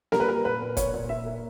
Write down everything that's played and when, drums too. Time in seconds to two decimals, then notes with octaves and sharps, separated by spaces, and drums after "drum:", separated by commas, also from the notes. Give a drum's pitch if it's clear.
0.12 G3 A#4, drum: snare A#3
0.20 B4
0.28 A#3 A#4
0.45 A#2 B4
0.62 A#2
0.77 A#2 C#5, drum: kick, hi-hat
0.94 A#2
1.09 A#2 E5
1.26 A#3